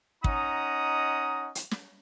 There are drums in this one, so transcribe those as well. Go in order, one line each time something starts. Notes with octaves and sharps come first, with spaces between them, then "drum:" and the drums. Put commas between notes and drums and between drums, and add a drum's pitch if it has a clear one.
C#4 D#4 D#5 F#5 A#5 D#6, drum: kick
drum: hi-hat
drum: snare